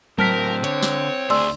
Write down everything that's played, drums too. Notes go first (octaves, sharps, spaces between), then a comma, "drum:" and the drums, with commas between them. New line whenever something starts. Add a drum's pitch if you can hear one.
A2 F#3 C4 A#4 A5 F6 B6, drum: tom
D3 C#5, drum: hi-hat
drum: snare
D2 G#4 D5 C6 E6, drum: cymbal